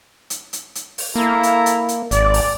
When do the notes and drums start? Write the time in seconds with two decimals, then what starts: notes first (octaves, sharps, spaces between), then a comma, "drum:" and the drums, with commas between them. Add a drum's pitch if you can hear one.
0.30 drum: hi-hat
0.53 drum: hi-hat
0.75 drum: hi-hat
0.98 drum: open hi-hat
1.16 A#3 E4 A4 A#5
1.43 drum: hi-hat
1.66 drum: hi-hat
1.89 drum: hi-hat
2.11 G#1 D5, drum: hi-hat
2.34 drum: open hi-hat